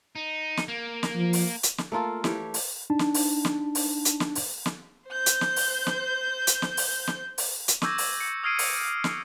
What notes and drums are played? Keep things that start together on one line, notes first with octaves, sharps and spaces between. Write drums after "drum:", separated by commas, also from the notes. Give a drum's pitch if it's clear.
D#4
drum: snare
A#3
drum: snare
F3
drum: open hi-hat
drum: hi-hat
drum: snare
A3 A#3 F4 A4
E3 A3 G4 C#5, drum: snare
drum: open hi-hat
D4 D#4 A5
drum: snare
drum: open hi-hat
drum: snare
drum: open hi-hat
drum: hi-hat
drum: snare
drum: open hi-hat
drum: snare
C5 G6
drum: hi-hat
drum: snare
drum: open hi-hat
drum: snare
drum: hi-hat
drum: snare
drum: open hi-hat
drum: snare
drum: open hi-hat
drum: hi-hat
C#6 D6 E6 G6 G#6 A#6, drum: snare
drum: open hi-hat
C#7
D#6 F6 G#6 C7 D7 D#7
drum: open hi-hat
drum: snare